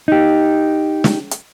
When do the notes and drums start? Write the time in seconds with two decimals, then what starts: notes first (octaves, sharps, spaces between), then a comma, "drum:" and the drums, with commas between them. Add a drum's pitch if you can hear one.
0.08 D#4 G4
1.04 drum: snare
1.31 drum: hi-hat